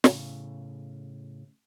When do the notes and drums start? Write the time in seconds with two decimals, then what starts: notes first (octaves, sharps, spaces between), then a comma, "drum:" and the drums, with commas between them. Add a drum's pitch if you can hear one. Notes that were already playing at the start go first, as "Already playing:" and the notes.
0.04 A2 C#3, drum: snare